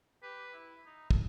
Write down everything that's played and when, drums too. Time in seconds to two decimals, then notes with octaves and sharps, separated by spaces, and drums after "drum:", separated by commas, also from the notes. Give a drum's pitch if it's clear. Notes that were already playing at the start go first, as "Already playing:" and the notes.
0.23 G4 B4
0.53 E4
0.86 D#4
1.11 A4, drum: kick